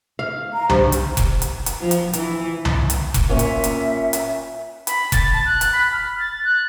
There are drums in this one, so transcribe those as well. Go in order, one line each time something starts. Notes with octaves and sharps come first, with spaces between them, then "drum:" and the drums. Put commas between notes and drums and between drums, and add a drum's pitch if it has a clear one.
F5
A#5
G2 C5, drum: tom C2
drum: hi-hat
drum: kick F1, hi-hat
drum: hi-hat
drum: hi-hat
F3
drum: hi-hat
E3, drum: hi-hat
drum: tom C2
drum: hi-hat
drum: kick F1, hi-hat
A#2 C#4 E5
drum: hi-hat
drum: hi-hat
drum: hi-hat
B5, drum: hi-hat
A6, drum: kick F1, hi-hat
A5
F#6
drum: hi-hat
B5
F6
A6
F#6